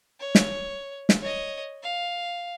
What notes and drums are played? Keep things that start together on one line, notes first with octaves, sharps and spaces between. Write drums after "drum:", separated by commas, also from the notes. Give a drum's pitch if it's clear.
C#5
drum: snare
drum: snare
C#5 D#5
F5